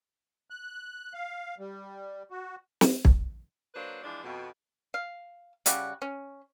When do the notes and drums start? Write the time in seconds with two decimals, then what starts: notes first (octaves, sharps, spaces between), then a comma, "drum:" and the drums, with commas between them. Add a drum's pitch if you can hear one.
0.50 F#6
1.14 F5
1.59 G3
2.31 F#4
2.81 drum: snare
3.05 drum: kick
3.75 F#3 A#3 D4 B4 C5
4.03 E3 F3 G#3 D4
4.24 F2 B2
4.94 F5
5.66 C#3 G3 F#4, drum: hi-hat
6.02 C#4